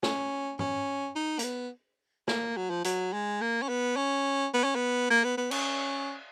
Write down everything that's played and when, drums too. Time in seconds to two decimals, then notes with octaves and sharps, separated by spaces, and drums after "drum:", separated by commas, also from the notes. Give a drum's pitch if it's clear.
0.03 C#4, drum: snare
0.59 C#4, drum: tom
1.15 D#4
1.39 A#3, drum: hi-hat
1.43 B3
2.28 A#3, drum: snare
2.57 F#3
2.70 F3
2.84 F#3, drum: hi-hat
3.13 G#3
3.41 A#3
3.62 C#4
3.69 B3
3.96 C#4
4.54 B3
4.64 C#4
4.75 B3
5.10 A#3
5.24 B3
5.37 B3
5.51 C#4, drum: cymbal